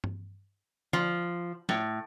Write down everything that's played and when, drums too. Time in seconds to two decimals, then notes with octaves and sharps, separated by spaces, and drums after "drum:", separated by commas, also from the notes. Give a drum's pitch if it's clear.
0.04 drum: tom
0.93 F3, drum: tom D3
1.69 A2, drum: snare